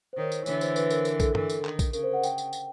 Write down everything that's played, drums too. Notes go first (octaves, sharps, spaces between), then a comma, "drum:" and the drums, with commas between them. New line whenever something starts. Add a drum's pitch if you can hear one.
C5
D#3 C#5
drum: tambourine
D3 E3 C#5, drum: tambourine
C5, drum: tambourine
B4, drum: tambourine
A#4, drum: tambourine
A#4, drum: tambourine
A4, drum: kick A#1, tambourine
D3 E3, drum: tom
drum: tambourine
D#3, drum: clap
drum: kick A#1, tambourine
C#3 A#4, drum: tambourine
C5
F#5
G5, drum: tambourine
drum: tambourine
drum: tambourine